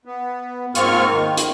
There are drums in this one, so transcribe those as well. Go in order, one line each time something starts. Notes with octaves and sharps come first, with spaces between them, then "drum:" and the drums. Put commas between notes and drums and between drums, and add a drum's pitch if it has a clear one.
B3
G#2 A#3 C4 F4 C#6 F6, drum: hi-hat
D#3
drum: hi-hat